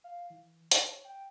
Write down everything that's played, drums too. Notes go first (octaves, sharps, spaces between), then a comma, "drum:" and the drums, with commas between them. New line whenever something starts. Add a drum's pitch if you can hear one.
F5
E3
C#5, drum: hi-hat
G5